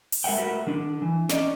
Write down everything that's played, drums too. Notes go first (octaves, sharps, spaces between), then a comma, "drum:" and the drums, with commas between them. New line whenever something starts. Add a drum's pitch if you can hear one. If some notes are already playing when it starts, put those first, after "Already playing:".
drum: open hi-hat
G#3 A#4 E5 F#5 G5
A3 F#4 A#4 B4
D#3 D4
E3
C#4 D5 D#5, drum: snare